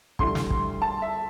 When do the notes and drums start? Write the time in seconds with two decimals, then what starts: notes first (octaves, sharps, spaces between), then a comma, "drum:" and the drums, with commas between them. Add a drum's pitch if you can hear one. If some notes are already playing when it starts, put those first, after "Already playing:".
0.19 D2 D3 G3 E4 C6, drum: kick
0.35 drum: snare
0.50 drum: kick
0.82 A5
1.02 E5